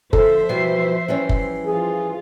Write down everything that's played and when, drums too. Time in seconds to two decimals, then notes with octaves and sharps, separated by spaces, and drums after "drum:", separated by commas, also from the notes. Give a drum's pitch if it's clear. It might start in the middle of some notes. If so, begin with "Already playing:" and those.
0.13 D3 F3 A4 C5 E5, drum: kick F#1
0.49 B2 E3 G3 C7
1.08 E3 G3 C#4
1.29 drum: kick F#1
1.66 F3 F4 G#4